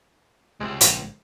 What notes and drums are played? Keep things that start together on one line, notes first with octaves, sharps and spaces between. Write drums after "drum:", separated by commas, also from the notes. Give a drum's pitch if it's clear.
C#2 C3 G#3
A#1, drum: hi-hat